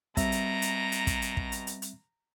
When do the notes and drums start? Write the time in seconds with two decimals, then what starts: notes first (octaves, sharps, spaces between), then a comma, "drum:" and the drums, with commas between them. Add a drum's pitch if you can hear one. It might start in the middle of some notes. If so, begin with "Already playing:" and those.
0.17 B2 G3 C4 E5 A#5, drum: kick, hi-hat
0.32 drum: hi-hat
0.62 drum: hi-hat
0.92 drum: hi-hat
1.07 drum: kick, hi-hat
1.22 drum: hi-hat
1.37 drum: kick
1.52 drum: hi-hat
1.67 drum: hi-hat
1.82 drum: hi-hat